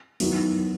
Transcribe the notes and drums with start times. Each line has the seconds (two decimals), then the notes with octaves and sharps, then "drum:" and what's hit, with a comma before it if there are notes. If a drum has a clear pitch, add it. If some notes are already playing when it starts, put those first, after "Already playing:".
0.20 D#3 F#3 B3 E4, drum: open hi-hat